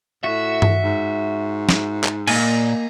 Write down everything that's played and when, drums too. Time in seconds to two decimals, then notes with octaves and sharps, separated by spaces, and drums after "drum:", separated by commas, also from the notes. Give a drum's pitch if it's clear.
0.24 A2 F#4 E5
0.62 drum: tom G2
0.83 G#2
1.69 drum: snare
2.04 drum: clap
2.28 A#2 A#3 D#5 G#5, drum: cymbal